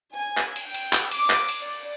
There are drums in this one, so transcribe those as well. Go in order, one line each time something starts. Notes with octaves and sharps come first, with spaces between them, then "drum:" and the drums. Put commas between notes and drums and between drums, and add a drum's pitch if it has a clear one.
G#5
drum: clap
drum: cymbal
G5
drum: cymbal
drum: clap
D6, drum: cymbal
drum: clap
drum: cymbal
D5